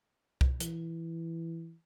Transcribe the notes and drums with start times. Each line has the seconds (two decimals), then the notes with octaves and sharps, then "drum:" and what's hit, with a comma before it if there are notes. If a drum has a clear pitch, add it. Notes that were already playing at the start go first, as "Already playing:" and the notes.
0.41 drum: kick C2
0.60 E3, drum: hi-hat